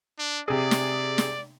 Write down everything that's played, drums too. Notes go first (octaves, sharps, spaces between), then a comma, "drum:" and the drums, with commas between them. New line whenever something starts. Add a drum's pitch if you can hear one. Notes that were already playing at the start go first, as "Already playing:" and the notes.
D4
C3 G#4 D5
drum: snare
drum: snare